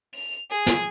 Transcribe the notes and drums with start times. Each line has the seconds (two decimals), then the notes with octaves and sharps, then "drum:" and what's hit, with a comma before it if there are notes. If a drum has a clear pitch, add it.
0.15 F7
0.50 G#4
0.66 drum: snare